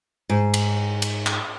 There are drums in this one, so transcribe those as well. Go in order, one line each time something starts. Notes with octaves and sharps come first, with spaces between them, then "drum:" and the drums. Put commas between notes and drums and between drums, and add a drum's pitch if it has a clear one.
G#2
drum: cymbal
drum: cymbal
drum: clap